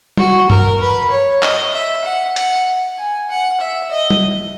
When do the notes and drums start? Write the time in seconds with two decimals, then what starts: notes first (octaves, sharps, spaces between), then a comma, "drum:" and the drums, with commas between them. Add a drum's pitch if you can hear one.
0.17 F#4, drum: tom
0.50 A#4, drum: tom G2
0.80 B4
1.11 C#5
1.43 D#5, drum: clap
1.73 E5
2.04 F#5
2.36 F#5, drum: hi-hat
2.98 G#5
3.30 F#5
3.60 E5
3.91 D#5
4.10 drum: tom